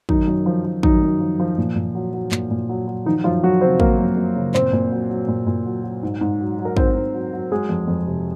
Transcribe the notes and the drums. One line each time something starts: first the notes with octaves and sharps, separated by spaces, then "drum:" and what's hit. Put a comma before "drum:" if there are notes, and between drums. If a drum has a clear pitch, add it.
F#2 D#3 D#4, drum: kick
F#2
F3
F3
F#2 D#3 D#4, drum: kick
F#2
F3
F3
A#2
A#2
F#3
F#3
A#2, drum: clap
A#2
F#3
F#3
D#3 F3 D#4
F#2 F3 F4
F#2 F#3 F#4
C#3 C4 C5
F3 A#3 A#4, drum: kick
F#2
F#2
C#3
A#2 C4 C5, drum: clap
A#2
F#3
F#3
A#2
A#2
F#3
F#3
G#2
G#2
F#3
F#3
A#4
G#2 C4 C5, drum: kick
G#2
F#3
F#3
F#3 G#3 G#4
F2
F2
C3